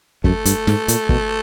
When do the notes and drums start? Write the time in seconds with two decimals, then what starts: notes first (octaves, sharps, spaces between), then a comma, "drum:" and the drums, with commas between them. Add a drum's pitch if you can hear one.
0.24 F#2 A3, drum: kick G1
0.45 G2, drum: hi-hat
0.67 G#2, drum: snare
0.88 A#2, drum: hi-hat
1.09 B2, drum: kick G1